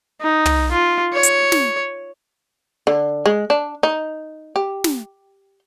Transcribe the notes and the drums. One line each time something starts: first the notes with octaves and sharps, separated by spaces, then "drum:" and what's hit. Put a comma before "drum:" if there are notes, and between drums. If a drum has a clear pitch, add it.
D#4
drum: tom
F4
C#5
drum: hi-hat
drum: snare
D3
G#3
D4
D#4
G4
drum: snare